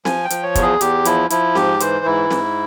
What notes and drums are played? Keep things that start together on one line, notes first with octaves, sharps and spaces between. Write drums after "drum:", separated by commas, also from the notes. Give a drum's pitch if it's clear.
F3 G#5, drum: snare C4
G5
F3, drum: hi-hat
C#5
E2, drum: kick, hi-hat
G#4
E2 G4, drum: hi-hat
F3 E4, drum: hi-hat
F3 E4, drum: hi-hat
G#2 G4, drum: snare C4
E3 C5, drum: hi-hat
G#2 E4
G#2, drum: snare C4